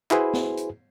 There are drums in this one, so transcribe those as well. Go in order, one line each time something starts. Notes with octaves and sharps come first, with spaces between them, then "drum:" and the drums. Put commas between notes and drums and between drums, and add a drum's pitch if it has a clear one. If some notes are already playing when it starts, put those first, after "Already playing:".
E4 F#4 G#4 B4 C5, drum: clap
drum: snare
drum: hi-hat